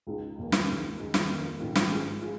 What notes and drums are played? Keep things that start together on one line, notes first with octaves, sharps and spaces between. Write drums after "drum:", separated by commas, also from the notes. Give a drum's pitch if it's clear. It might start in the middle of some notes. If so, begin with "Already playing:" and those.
C#2 C#3 G#3 D#4
F1 D#2 C#3 A#3 C#4
drum: snare
C#2 C#3 A#3 D#4
D#2 D#3 G#3 D#4
drum: snare
F2 F3 A#3
A#1 G#2 D#3 C#4 F4
drum: snare
G#2 G#3 D#4
G#3 F4